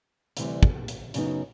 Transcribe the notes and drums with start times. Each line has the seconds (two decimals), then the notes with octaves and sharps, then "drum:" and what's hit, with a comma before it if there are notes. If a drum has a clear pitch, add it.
0.37 D2 C3 E3 G3, drum: hi-hat
0.63 drum: kick
0.88 drum: hi-hat
1.14 F#2 C#3 F#3 B3 D#4, drum: hi-hat